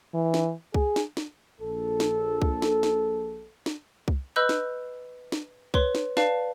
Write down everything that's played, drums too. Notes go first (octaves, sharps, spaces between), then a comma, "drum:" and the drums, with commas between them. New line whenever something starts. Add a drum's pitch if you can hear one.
E3
drum: snare
G#4, drum: kick C2
drum: snare
drum: snare
A#1 A4
drum: snare
drum: kick C2
drum: snare
drum: snare
drum: snare
drum: kick C2
B4 D#5 B5 E6 F#6 G6
drum: snare
drum: snare
B4 C#5 C6, drum: kick C2
drum: snare
B4 D5 F5 A5, drum: snare